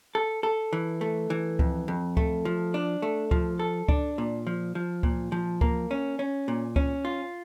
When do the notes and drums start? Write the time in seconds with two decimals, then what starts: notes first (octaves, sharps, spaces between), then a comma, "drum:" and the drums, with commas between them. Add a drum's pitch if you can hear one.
0.15 A4
0.43 A4
0.73 E3
1.01 A3
1.30 E3
1.59 F2, drum: kick C#2
1.88 F2
2.17 A3, drum: kick C#2
2.45 F3
2.74 D4
3.02 A3
3.31 F3, drum: kick C#2
3.59 A4
3.88 D4, drum: kick C#2
4.18 A#2
4.47 F3
4.75 F3
5.03 A#2, drum: kick C#2
5.32 F3
5.61 A#3, drum: kick C#2
5.91 C#4
6.19 C#4
6.48 A#2
6.76 C#4, drum: kick C#2
7.05 F4